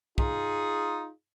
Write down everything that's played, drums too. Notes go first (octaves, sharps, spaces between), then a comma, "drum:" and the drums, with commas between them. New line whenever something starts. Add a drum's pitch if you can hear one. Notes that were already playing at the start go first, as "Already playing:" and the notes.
D#4 F4 G#4, drum: kick